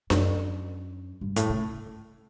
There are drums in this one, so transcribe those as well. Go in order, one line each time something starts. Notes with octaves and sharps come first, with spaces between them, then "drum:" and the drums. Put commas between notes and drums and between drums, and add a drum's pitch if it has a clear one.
F#2, drum: snare D4
G2
A2, drum: hi-hat
C#3